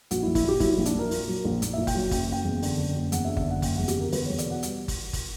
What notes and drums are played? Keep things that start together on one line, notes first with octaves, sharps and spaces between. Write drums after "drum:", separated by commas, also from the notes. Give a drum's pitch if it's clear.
A#1 F#4, drum: hi-hat
E4
A#1
E4, drum: kick G1, open hi-hat
A#2 G4
F#3 E4, drum: kick G1, open hi-hat
A#1 E4
D4, drum: hi-hat
A#1 A#4
A#2, drum: open hi-hat
F#3
A#1
A#1, drum: hi-hat
A#2 E5
G5, drum: kick G1, open hi-hat
F#3
F#1 G5, drum: kick G1, open hi-hat
F#1 G5
E2
D3, drum: open hi-hat
F#1
F#1
E2 F#5, drum: hi-hat
E5
D3
E5, drum: kick G1
F#1 F#5
F#1 G5, drum: kick G1, open hi-hat
E2 F#5
G4, drum: hi-hat
D3 A#4
E2 B4, drum: open hi-hat
E2 C#5
D5, drum: hi-hat
B2 F#5
G3, drum: hi-hat
drum: kick G1, open hi-hat
drum: kick G1, open hi-hat